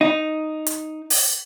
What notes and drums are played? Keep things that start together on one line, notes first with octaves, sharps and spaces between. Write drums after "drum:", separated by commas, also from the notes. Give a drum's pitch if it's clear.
D#4
drum: hi-hat
drum: open hi-hat